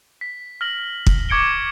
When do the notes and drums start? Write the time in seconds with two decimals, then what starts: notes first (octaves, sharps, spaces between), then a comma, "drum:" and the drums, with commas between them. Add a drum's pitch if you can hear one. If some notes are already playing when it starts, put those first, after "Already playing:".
0.21 B6
0.61 F6 A#6 F#7
1.07 drum: kick
1.29 C#6 D6 G#6 C#7 D7 G7